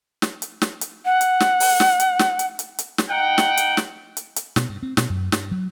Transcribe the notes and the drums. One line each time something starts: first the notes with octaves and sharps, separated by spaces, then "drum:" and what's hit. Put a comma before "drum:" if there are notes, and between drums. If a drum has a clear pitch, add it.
drum: snare
drum: hi-hat
drum: snare
drum: hi-hat
F#5
drum: hi-hat
drum: snare
drum: open hi-hat
drum: snare
drum: hi-hat
drum: snare
drum: hi-hat
drum: hi-hat
drum: hi-hat
drum: snare
D#4 F#5 G5
drum: snare
drum: hi-hat
drum: snare
drum: hi-hat
drum: hi-hat
B2, drum: snare
G2
C4
B2, drum: snare
F#2
G2, drum: snare
F#3